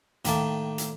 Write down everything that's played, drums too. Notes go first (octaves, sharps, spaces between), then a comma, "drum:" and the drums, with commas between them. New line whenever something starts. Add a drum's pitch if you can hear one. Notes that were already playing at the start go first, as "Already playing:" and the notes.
A2 D#3 A#3 A5, drum: hi-hat
drum: hi-hat